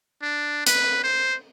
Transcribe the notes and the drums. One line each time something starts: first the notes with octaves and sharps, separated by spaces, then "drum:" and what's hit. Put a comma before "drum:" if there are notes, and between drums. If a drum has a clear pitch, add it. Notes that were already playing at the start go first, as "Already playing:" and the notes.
D4
B4, drum: hi-hat
C5